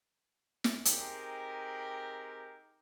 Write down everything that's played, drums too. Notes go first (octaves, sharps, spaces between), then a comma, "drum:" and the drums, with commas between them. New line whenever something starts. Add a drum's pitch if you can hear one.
drum: snare
C4 D#4 G4 G#4 A#4, drum: hi-hat